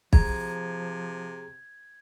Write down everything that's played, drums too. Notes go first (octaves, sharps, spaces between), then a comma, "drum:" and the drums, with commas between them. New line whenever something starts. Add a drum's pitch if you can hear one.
C3 F3 G#4 A#5 G#6, drum: kick